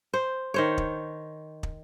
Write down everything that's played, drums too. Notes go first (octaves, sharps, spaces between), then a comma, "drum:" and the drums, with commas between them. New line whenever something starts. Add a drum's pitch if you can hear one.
C5
D#3 C5 C#5
drum: kick
drum: kick